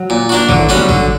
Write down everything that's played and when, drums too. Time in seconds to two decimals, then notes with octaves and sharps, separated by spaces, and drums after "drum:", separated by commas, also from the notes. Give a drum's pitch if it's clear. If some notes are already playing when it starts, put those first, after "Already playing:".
Already playing: F#3
0.10 A#2
0.29 A#3 D4 F#4
0.49 D3 F#3, drum: kick
0.58 E3
0.66 F#3 G3 C#4 F#4
0.75 drum: snare
0.89 D3, drum: kick